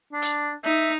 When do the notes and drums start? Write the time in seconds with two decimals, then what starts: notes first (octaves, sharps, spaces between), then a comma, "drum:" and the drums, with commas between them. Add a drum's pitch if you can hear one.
0.13 D4
0.22 drum: hi-hat
0.64 D#4 E5